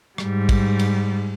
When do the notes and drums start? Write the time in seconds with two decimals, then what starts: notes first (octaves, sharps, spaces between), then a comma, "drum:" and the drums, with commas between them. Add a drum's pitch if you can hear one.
0.18 G#2 G3, drum: rim click
0.49 drum: kick, cymbal
0.79 drum: cymbal